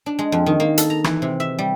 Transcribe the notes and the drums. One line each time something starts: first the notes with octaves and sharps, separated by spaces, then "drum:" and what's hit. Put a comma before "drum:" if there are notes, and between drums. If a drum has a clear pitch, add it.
D4
G#3
F2
D#3
A#3
A4, drum: hi-hat
A#5
E3, drum: rim click
C3
E5
G3